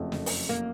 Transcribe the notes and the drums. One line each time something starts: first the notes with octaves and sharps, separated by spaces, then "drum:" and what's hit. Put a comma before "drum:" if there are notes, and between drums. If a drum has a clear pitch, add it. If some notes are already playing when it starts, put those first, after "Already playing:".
Already playing: F#1 F2 C#3 F#3 A3
drum: snare
drum: open hi-hat
A#3